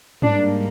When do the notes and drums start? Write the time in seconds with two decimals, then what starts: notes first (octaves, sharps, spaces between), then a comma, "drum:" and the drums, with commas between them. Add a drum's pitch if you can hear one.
0.22 G#2 G3 A#3 D4, drum: tom